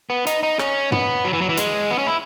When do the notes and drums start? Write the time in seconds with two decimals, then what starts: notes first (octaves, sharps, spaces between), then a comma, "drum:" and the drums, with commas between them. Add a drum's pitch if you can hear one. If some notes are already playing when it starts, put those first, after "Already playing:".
0.10 B3
0.27 D#4, drum: hi-hat
0.43 D#4
0.59 C#4, drum: rim click
0.92 B3, drum: tom
1.25 F#3
1.33 E3
1.41 F#3
1.49 E3
1.57 G#3, drum: hi-hat
1.91 B3
1.98 C#4
2.07 E4